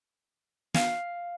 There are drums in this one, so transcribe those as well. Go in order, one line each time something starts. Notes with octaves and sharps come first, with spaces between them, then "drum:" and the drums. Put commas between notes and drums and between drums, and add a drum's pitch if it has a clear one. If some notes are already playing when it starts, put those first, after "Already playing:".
F5, drum: snare